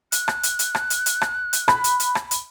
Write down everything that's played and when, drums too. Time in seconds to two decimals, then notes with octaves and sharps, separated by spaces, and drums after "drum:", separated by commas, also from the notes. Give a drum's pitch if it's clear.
0.12 F#6, drum: hi-hat
0.28 drum: rim click
0.43 drum: hi-hat
0.59 drum: hi-hat
0.75 drum: rim click
0.90 drum: hi-hat
1.06 drum: hi-hat
1.21 drum: rim click
1.53 drum: hi-hat
1.68 B5, drum: rim click
1.84 drum: hi-hat
2.00 drum: hi-hat
2.15 drum: rim click
2.31 drum: hi-hat